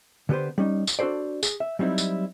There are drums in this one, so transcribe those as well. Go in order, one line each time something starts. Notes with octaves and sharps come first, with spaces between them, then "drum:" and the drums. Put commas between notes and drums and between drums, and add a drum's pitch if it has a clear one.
D3 B3 G4 B4 C5
G3 C#4 D#4
drum: tambourine
D4 F#4 A4 C5 D5
G#4, drum: tambourine
E5
F#3 G3 C4 D#4 E4
drum: tambourine